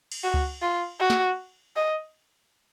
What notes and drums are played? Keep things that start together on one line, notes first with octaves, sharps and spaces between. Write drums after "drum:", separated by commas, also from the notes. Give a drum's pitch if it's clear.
drum: cymbal
F#4
drum: kick C#2
F4
F#4
drum: snare
D#5